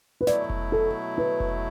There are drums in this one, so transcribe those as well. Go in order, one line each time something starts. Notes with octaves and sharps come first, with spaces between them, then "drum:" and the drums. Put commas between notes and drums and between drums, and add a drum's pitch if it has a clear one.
B4
B2 F#3 A3 E4 D5, drum: snare
drum: kick F1
A4
B4
drum: kick F1